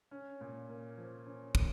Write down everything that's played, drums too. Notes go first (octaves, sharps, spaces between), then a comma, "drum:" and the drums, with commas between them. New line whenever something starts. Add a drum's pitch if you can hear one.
C#4
A#2
A#3
F3
C#4
A#2, drum: kick